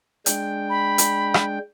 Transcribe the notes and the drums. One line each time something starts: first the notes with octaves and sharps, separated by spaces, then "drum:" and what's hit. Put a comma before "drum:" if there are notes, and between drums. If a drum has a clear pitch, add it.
G#3 D4 G5, drum: hi-hat
B5
drum: hi-hat
drum: rim click